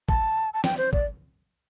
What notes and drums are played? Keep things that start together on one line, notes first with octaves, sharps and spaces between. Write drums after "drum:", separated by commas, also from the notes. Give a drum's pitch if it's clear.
A5, drum: kick
A5
G5, drum: snare
C5
D5, drum: kick